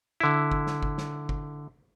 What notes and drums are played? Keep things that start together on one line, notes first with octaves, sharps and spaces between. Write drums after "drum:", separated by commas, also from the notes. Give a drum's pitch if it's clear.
D3 E4
drum: kick G1
drum: snare
drum: kick G1
drum: snare
drum: kick G1